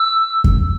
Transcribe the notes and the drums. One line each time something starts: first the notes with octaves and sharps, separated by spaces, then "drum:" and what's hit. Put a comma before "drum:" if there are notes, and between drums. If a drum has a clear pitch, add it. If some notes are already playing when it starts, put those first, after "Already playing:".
Already playing: E6
drum: kick F2